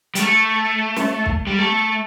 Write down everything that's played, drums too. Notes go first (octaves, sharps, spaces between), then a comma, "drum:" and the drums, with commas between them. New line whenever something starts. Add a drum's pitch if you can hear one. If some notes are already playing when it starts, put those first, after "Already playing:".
G3, drum: hi-hat
A3
drum: snare
drum: kick
G3
A3